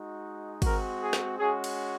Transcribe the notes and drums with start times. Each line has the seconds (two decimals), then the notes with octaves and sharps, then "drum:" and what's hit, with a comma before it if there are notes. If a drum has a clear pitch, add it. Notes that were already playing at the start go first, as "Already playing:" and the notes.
Already playing: G#3 D#4 F#4
0.62 G#3 C4 F#4 A#4, drum: kick, cymbal
1.00 G#4
1.13 drum: snare
1.38 G#3 C#4 F#4 G#4
1.64 drum: cymbal